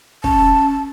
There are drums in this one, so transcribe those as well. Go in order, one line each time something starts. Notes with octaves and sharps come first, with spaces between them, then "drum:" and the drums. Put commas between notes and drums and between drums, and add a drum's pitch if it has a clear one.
C#4 A5, drum: kick